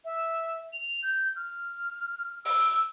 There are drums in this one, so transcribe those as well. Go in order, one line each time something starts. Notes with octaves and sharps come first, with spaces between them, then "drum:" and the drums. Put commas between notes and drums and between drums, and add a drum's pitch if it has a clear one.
E5
F7
G6
F6
E6, drum: open hi-hat